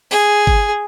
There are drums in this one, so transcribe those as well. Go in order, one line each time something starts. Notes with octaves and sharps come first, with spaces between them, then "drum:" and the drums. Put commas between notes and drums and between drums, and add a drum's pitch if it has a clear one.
G#4, drum: open hi-hat
drum: kick G1